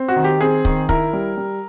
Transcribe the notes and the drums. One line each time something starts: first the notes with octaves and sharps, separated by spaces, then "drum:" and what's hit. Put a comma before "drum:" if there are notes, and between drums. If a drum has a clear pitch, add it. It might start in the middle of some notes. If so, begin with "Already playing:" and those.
Already playing: C4
F#4
D#3
G4
C4 G#4
D#3, drum: kick
E4 A#4, drum: kick
G3
G3